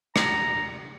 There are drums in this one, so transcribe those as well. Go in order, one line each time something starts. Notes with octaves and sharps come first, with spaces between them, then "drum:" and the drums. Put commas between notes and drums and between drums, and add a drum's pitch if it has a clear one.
A#5, drum: rim click